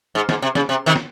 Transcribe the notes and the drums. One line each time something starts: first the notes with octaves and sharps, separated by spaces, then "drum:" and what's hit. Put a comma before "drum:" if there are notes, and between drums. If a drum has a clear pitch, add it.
G#2
G#2, drum: snare
C3
C#3, drum: snare
C3
C3 D#3
drum: snare